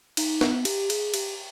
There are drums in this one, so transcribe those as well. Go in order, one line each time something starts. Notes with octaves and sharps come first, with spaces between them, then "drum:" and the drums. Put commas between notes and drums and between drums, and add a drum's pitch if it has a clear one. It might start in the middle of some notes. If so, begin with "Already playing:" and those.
D#4, drum: cymbal
B3, drum: snare
G4, drum: cymbal
G#4, drum: cymbal
G4, drum: cymbal